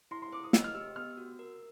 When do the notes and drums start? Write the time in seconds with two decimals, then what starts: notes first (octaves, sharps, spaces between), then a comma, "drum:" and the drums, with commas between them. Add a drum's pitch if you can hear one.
0.11 E4 C6
0.22 C6
0.32 C5 D6
0.44 D#6
0.53 D#5 E6, drum: snare
0.64 F6
0.74 G4 E6
0.96 B3 F6
1.18 F#4
1.39 A#4